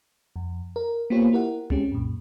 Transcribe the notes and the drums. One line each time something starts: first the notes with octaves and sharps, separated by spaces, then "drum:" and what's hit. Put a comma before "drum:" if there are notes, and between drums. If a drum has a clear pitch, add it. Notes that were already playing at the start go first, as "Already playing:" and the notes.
F2
A#4
A#3 B3 F4 G4 C5 C#5
E4 G4 A#4 F#5
G#3 C4 C#4 G4, drum: tom C2
F#2 A#2